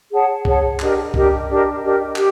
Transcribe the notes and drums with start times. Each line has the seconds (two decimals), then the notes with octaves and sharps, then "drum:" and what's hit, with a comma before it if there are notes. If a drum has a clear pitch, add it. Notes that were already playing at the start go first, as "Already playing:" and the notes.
0.11 G#4 C#5 F#5 A5
0.45 G#4 C#5 F#5 A5, drum: kick B1
0.80 D4 G4 A#4 D#5, drum: clap
1.14 D4 G4 A#4 D#5, drum: kick B1
1.48 D4 G4 A#4 D#5
1.81 D4 G4 A#4 D#5
2.16 G4, drum: clap